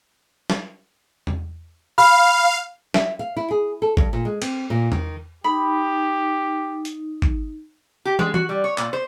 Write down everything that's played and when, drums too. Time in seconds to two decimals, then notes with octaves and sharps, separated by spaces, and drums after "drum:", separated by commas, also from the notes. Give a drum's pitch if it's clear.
0.50 drum: snare
1.27 drum: tom E2
1.98 F5 B5 F6
2.94 E5, drum: snare
3.19 F5
3.37 E4
3.51 G#4
3.82 A4
3.97 G2, drum: kick G#1
4.13 A#2
4.25 G#3
4.42 C4, drum: cymbal
4.70 A#2
4.92 D#3, drum: tom E2
5.44 D#4 G4 B5
6.85 drum: hi-hat
7.22 drum: kick G#1
8.05 G4
8.19 G#3, drum: tom
8.34 F#4, drum: tom
8.49 G3
8.64 C#5
8.78 A#2, drum: clap
8.93 C5